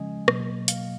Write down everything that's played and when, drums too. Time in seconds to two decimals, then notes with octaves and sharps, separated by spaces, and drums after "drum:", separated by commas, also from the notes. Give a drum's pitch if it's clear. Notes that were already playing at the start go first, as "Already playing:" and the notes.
Already playing: C#3 F3 G#3 C#4 D#5 G#5
0.28 B2 F#3 A#3, drum: rim click
0.68 F5, drum: hi-hat